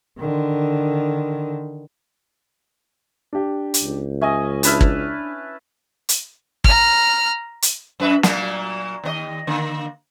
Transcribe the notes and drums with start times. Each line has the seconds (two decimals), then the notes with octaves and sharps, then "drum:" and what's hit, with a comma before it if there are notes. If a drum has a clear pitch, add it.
0.19 D3 D#3
3.33 D4 G4
3.74 drum: hi-hat
3.83 C#2
4.21 C#4 D#5 E5 G#5
4.63 D4 E4 B4 A5 B5 F6, drum: hi-hat
4.81 drum: kick
6.09 drum: hi-hat
6.64 A#5 F6, drum: kick
7.62 drum: hi-hat
8.00 F#2 B4 E5
8.23 A#2 F#3 A#3, drum: snare
9.04 D#2 C4 D#5
9.47 D3 A#3